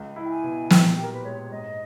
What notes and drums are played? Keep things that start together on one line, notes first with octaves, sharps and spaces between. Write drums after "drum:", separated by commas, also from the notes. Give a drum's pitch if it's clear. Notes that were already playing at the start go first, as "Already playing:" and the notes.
Already playing: C#2
E4
G5
G#5
B2
A#2 G5, drum: snare
G4
A#4
B4
G#3 C#5
G#2 D#5